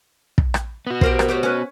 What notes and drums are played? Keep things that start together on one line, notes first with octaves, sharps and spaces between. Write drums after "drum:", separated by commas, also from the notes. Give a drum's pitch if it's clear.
drum: kick
drum: rim click
B3 F#4
G4 A#4 C5, drum: kick
drum: rim click
G4 C5 C#5
C#4 B4